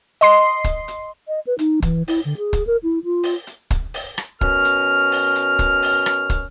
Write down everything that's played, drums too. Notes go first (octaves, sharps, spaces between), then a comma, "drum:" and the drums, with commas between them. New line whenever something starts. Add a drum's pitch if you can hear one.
D#5 C6 C7
drum: kick, hi-hat
drum: hi-hat
D#5
B4
D#4, drum: hi-hat
E3, drum: kick, hi-hat
E4, drum: open hi-hat
D3
G#4
drum: kick, hi-hat
A#4
E4
F4
drum: open hi-hat
drum: hi-hat
drum: kick, hi-hat
drum: open hi-hat
drum: rim click
B2 C#4 A#4 F6, drum: kick
drum: hi-hat
drum: open hi-hat
drum: hi-hat
drum: kick, hi-hat
drum: open hi-hat
drum: rim click
drum: kick, hi-hat